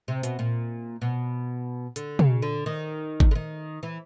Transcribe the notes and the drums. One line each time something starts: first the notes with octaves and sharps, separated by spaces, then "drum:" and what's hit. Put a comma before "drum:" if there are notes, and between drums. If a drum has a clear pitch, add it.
C3
B2, drum: hi-hat
A#2
B2
D3, drum: hi-hat
C#3, drum: tom
D3
D#3
drum: kick G#1
D3
D#3
E3